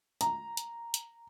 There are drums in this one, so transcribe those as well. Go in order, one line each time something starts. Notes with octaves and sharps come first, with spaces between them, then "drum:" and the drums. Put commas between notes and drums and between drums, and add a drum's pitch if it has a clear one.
A#5, drum: hi-hat
drum: hi-hat
drum: hi-hat